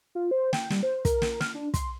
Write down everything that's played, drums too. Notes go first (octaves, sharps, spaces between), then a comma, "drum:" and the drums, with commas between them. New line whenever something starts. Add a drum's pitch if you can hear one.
F4
C5
G5, drum: snare
G3, drum: snare
C5
A#4, drum: kick, hi-hat
drum: snare
F6, drum: snare
D4
C6, drum: kick, hi-hat